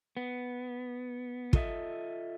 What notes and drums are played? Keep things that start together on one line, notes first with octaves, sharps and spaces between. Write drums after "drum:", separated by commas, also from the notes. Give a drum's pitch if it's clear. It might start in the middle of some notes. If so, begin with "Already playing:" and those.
B3
F4 A4 D#5 E5, drum: kick